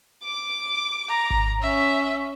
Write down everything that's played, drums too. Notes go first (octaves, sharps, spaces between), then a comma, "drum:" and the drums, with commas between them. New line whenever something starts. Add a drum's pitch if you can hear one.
D6 D7
A#5
drum: kick G#1
C#4 E5